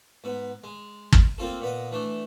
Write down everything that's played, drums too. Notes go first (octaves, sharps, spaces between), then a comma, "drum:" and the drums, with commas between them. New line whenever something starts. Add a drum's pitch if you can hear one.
G#2 B3
G#3
drum: kick
A#3 C4 F4 A4
A#2 B3 D#5
E3 A3 D4